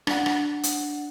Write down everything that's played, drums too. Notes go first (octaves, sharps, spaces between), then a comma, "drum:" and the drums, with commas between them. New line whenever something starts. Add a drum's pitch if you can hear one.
D4 F#5, drum: rim click
drum: rim click
drum: hi-hat